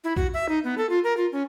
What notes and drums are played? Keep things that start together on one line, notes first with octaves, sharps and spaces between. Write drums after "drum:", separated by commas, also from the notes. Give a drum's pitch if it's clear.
E4
F#4, drum: kick B1
E5
D#4
B3
A4
F4
A#4
F4
C#4